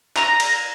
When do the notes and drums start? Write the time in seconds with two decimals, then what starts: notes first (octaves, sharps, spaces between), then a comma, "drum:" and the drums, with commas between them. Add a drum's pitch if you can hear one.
0.17 A#5, drum: clap
0.40 drum: cymbal